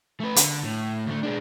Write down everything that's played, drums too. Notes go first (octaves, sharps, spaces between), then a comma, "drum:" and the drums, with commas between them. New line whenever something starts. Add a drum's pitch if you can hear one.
A3 B4
D3, drum: hi-hat
A2
D2 A3
G#3 D4